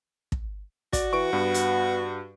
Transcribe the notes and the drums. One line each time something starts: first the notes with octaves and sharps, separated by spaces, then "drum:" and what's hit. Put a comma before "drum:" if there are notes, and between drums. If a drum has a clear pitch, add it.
drum: kick
F#4 D5, drum: kick, hi-hat
E3 C#6 D7
G2 B3
drum: hi-hat